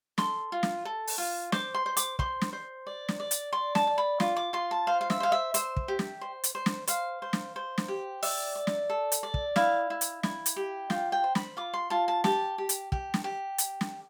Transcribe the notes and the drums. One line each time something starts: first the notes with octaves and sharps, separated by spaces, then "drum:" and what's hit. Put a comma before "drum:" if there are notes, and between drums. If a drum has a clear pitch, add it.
A4 C6, drum: snare
F4
drum: snare
A4
drum: open hi-hat
F4
C5 D6, drum: snare
C6
C5
D6, drum: hi-hat
C5 C6, drum: kick
drum: snare
C5
D5
drum: snare
D5
drum: hi-hat
D5 C6
A5, drum: snare
D5
B5
F4 D6, drum: snare
D6
F4 C6
A5
C5 F5
F5
E5, drum: snare
C5 F5
E5
C5 E5, drum: hi-hat
drum: kick
G4
drum: snare
C5
drum: hi-hat
C5
drum: snare
C5 F5, drum: hi-hat
C5
drum: snare
C5
drum: snare
G4
D5 E5, drum: open hi-hat
D5
drum: snare
A4
drum: hi-hat
D5
drum: kick
E4 F5, drum: snare
E4
drum: hi-hat
E4, drum: snare
drum: hi-hat
G4
F4 G5, drum: snare
G5
C5
B5, drum: snare
F4 D6
C6
F4 A5
A5
G4 A5, drum: snare
G4
drum: hi-hat
G4, drum: kick
drum: snare
G4
drum: hi-hat
drum: snare